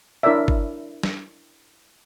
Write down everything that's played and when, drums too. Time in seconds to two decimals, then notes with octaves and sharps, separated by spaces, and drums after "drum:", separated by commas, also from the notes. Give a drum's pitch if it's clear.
0.23 D4 E4 A#4 C#5 D5 E5
0.48 drum: kick G1
1.03 drum: snare